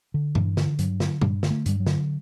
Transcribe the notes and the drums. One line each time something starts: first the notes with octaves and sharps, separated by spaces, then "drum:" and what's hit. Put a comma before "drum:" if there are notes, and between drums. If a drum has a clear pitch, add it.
D3
G2 E3, drum: tom A#2
D3, drum: snare F4
G2 F#3, drum: hi-hat
D3, drum: snare F4
G2 G3, drum: tom A#2
D3, drum: snare F4
A3
G2 G3, drum: hi-hat
F#3
D3, drum: snare F4